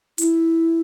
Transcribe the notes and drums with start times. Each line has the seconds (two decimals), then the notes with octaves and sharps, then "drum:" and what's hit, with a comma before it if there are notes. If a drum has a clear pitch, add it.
0.18 E4, drum: hi-hat